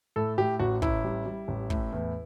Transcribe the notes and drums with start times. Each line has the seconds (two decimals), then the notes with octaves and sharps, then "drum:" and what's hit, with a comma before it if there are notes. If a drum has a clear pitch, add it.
0.16 A2 A4
0.38 A2 G4
0.59 A1 F#4
0.82 A1 E4, drum: kick
1.04 G3
1.26 G3
1.48 A1
1.70 A2, drum: kick
1.93 E2